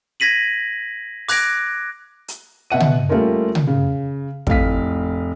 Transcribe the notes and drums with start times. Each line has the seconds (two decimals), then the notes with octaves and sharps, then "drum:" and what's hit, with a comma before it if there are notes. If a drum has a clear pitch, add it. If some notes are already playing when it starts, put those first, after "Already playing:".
0.20 G#6 A#6 B6 D#7 F#7
1.28 D6 F#6 G#6 A#6 D7, drum: open hi-hat
2.28 drum: hi-hat
2.70 B2 E5 F#5 D#7
2.80 drum: tom
3.09 G3 A3 A#3 C#4 F4 A#4
3.55 drum: tom
3.67 C#3
4.47 F1 A2 F5 B6, drum: kick